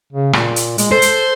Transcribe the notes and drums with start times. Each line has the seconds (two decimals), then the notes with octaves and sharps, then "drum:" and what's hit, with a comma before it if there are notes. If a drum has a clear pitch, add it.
0.13 C#3
0.33 A#2, drum: rim click
0.56 drum: hi-hat
0.78 G#3, drum: hi-hat
0.92 A4 C5
1.02 drum: hi-hat